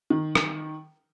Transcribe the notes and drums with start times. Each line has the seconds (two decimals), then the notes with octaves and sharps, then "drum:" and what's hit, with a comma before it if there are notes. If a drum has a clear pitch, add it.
0.10 D#3
0.35 drum: rim click